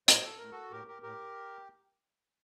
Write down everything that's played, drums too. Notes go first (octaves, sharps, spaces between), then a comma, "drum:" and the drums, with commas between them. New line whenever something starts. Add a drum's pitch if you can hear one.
A2 C5 D#5, drum: hi-hat
A4
A2 A#4
F#4 A4
A2 G4 A#4
G4 A#4
A2 G4 A#4